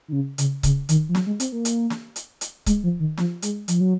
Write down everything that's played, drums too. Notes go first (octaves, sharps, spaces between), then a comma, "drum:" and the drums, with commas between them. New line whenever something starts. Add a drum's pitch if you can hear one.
D#3
C#3
C#3, drum: hi-hat
C#3, drum: kick C#1, hi-hat
D#3, drum: hi-hat
F3
F#3, drum: snare
G#3
C4, drum: hi-hat
A#3
drum: hi-hat
drum: snare
drum: hi-hat
drum: hi-hat
G#3, drum: kick C#1, hi-hat
F3
D#3
F3, drum: snare
G#3, drum: hi-hat
F3, drum: hi-hat
F#3